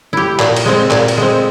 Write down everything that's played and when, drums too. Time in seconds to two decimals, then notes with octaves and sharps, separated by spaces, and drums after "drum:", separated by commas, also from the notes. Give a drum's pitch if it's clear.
0.13 E4 G4
0.39 A#2, drum: clap
0.56 drum: cymbal
0.65 G#3 C4
0.90 A#2, drum: clap
1.08 drum: cymbal
1.17 G#3 C4